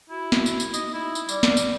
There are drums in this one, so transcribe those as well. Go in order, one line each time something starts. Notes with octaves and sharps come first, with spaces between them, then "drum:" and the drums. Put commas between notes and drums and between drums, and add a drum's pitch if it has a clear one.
E4 F#4
drum: snare
drum: tambourine
drum: tambourine
D#4 D#5, drum: tambourine
E4
drum: tambourine
G3 D5, drum: tambourine
drum: snare
drum: tambourine